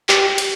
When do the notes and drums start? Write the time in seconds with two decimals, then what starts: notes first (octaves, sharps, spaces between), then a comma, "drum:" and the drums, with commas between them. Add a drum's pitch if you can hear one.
0.09 G4, drum: clap
0.38 drum: cymbal